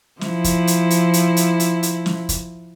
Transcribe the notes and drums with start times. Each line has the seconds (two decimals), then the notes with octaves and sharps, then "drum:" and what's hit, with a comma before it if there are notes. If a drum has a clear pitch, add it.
0.21 F3 E4, drum: snare
0.44 drum: kick, hi-hat
0.67 drum: hi-hat
0.90 drum: hi-hat
1.13 drum: hi-hat
1.37 drum: hi-hat
1.60 drum: hi-hat
1.83 drum: hi-hat
2.06 drum: snare
2.29 drum: kick, hi-hat